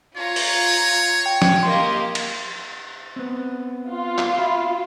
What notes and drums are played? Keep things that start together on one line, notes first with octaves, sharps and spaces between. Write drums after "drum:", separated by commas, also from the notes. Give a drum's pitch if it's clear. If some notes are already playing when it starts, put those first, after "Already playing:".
F4 C#5 A#5
drum: open hi-hat
G5
drum: snare
A#3 G4 D#5 C6
drum: cymbal
B3 C4
F4
drum: clap
F#4 E5 B5